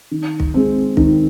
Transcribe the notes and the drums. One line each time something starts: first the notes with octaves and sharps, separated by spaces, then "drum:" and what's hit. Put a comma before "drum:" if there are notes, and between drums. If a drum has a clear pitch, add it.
D#3
drum: kick
G#3 C4
D#3, drum: kick